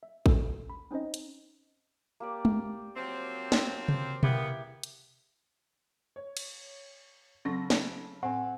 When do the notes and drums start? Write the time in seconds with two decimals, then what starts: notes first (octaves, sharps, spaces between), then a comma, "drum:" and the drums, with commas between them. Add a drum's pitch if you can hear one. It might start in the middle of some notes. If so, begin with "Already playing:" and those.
0.03 E5
0.26 C#4 A4, drum: kick A1
0.70 B5
0.91 C4 C#4 D#4 C5 D#5
1.14 drum: hi-hat
2.20 A#3 G4 D5
2.45 drum: tom
2.97 F3 F#3 C4 G5
3.52 G4 G5, drum: snare
3.88 drum: tom C3
4.23 C#3 A#3 B3 E4 G4 G5, drum: tom B2
4.83 drum: hi-hat
6.16 C#5
6.37 drum: cymbal
7.45 C#3 F#3 C4 A4 C#6 A#6
7.70 drum: snare
8.23 A2 C4 F#5 G#5